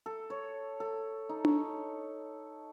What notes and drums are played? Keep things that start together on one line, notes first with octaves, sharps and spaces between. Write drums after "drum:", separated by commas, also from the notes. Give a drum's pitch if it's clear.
A4
C#5
A4
D#4
C#5, drum: tom D4